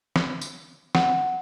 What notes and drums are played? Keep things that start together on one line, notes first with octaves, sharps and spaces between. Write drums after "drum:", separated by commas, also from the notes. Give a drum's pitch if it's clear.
drum: snare
drum: tambourine
F#5, drum: snare